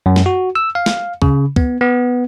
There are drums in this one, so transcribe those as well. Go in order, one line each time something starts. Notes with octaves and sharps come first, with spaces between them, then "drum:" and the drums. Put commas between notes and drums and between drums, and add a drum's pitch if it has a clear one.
F#2
drum: snare
F#4
E6
F5
drum: snare
C#3, drum: kick
B3, drum: kick
B3